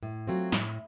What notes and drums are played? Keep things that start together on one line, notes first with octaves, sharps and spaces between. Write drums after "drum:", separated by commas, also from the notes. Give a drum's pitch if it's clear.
A2
F#3 A3 C4 F4
A2, drum: snare